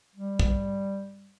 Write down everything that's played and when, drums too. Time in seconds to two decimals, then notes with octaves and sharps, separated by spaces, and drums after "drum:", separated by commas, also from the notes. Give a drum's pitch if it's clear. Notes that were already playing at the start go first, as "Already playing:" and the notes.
0.16 G3
0.39 drum: kick